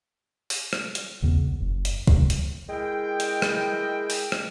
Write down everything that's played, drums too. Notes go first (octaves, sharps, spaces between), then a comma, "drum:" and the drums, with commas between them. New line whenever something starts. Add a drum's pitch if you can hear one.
drum: open hi-hat
drum: rim click
drum: hi-hat
B1 E2 C#3 B3
B1
F#1
drum: hi-hat
D1 C2, drum: kick
drum: hi-hat
G#3 E4 A#4 G5
drum: hi-hat
drum: rim click
drum: open hi-hat
drum: rim click